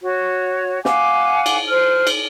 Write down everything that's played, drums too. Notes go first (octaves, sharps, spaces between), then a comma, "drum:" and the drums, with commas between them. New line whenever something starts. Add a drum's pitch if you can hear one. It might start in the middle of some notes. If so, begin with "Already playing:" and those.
F#4 C#5
F5 F#5 G#5 D6, drum: snare
drum: cymbal
C5 F6
drum: cymbal